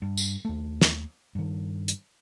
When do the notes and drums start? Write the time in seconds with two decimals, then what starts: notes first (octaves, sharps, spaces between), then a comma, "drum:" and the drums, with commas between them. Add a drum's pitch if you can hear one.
0.02 G2
0.17 drum: tambourine
0.45 D#2 A3
0.81 drum: snare
1.35 G2 D#3
1.88 drum: hi-hat